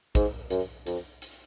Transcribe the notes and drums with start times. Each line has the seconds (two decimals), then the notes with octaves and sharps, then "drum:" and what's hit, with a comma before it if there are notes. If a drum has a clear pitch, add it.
0.15 G#2, drum: kick, hi-hat
0.50 F#2, drum: hi-hat
0.86 F2, drum: hi-hat
1.22 drum: hi-hat